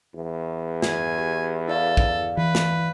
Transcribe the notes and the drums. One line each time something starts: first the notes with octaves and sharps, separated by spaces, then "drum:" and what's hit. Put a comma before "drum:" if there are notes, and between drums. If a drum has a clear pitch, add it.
E2
G#5, drum: snare
G4
E4 A4 D5 F5
drum: kick
E3 B4
drum: snare